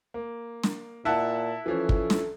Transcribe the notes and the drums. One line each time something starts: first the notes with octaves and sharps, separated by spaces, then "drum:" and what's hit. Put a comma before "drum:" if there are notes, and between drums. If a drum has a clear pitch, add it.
A#3
drum: snare
A#2 E4 F#5 A5 F#6
E3 F3 C#4 A4
drum: kick
drum: snare